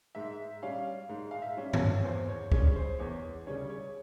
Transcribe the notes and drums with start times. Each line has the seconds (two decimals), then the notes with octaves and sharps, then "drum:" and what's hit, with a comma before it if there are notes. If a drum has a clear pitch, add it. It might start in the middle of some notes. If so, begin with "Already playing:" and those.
0.15 G#2 E5
0.63 G3 C#4 F5
1.09 G#2
1.31 F5
1.42 E5
1.57 G3 C#4
1.73 C#5, drum: tom G2
2.04 E2 C5
2.29 C#5
2.52 C#3 G3 C#4 C#5, drum: kick
2.76 C5
2.99 E2 C#5
3.47 C#3 G3 C#4 C#5
3.70 C#5